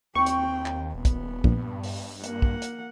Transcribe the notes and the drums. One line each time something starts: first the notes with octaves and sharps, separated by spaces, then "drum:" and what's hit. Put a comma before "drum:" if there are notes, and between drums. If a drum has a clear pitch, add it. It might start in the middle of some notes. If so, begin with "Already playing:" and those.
D#2 C4 G5 C#6
drum: hi-hat
drum: clap
D#1 B3
drum: kick, hi-hat
A#1 G2, drum: kick
drum: open hi-hat
A#3 F#5, drum: hi-hat
drum: kick
drum: hi-hat